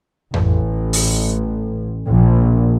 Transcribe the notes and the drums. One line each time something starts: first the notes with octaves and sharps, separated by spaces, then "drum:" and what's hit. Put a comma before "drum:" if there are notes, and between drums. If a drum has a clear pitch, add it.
A1, drum: tom F2
drum: open hi-hat
A#1